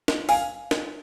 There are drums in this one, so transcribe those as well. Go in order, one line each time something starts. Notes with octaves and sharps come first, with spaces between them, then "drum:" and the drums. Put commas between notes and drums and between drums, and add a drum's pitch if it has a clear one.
drum: snare
F5 G#5, drum: open hi-hat
drum: snare